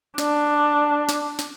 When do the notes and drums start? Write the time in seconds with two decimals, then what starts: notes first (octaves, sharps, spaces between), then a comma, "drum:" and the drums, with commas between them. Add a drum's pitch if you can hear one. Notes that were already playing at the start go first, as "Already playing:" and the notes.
0.18 D4, drum: snare
1.09 drum: snare
1.39 drum: snare